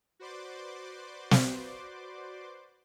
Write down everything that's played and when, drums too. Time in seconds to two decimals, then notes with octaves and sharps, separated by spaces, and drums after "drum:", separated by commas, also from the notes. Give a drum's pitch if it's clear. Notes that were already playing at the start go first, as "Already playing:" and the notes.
0.19 F#4 B4 C5 D5 C6 D6
1.31 drum: snare